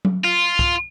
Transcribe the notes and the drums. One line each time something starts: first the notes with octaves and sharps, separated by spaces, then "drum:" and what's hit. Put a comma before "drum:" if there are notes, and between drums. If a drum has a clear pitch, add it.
drum: tom F#3
F4
drum: kick